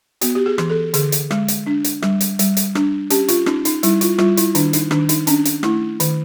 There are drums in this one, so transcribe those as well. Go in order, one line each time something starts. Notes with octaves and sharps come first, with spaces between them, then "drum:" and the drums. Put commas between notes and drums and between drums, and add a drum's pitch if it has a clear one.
B3 F#4, drum: hi-hat
G4
G#4
E3, drum: rim click
A4
D3 G#4, drum: hi-hat
drum: hi-hat
G#3, drum: rim click
drum: hi-hat
D4
drum: hi-hat
G3, drum: rim click
drum: hi-hat
G3, drum: hi-hat
drum: hi-hat
D4, drum: rim click
C#4 G4, drum: hi-hat
F4, drum: hi-hat
C#4 D#4, drum: rim click
D#4, drum: hi-hat
G3 E4, drum: hi-hat
F4, drum: hi-hat
G3 F4, drum: rim click
E4, drum: hi-hat
D#3 D4, drum: hi-hat
D#4, drum: hi-hat
D#3 D4, drum: rim click
D#4, drum: hi-hat
C#4 D4, drum: hi-hat
drum: hi-hat
A3 E4, drum: rim click
D#3, drum: hi-hat